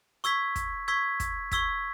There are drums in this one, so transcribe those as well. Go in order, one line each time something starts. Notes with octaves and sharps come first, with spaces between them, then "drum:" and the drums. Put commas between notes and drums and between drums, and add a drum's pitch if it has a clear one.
C#6 E6 G#6 B6, drum: hi-hat
drum: kick, hi-hat
C#6 E6 G#6 B6
drum: kick, hi-hat
C#6 E6 G#6 B6, drum: kick, hi-hat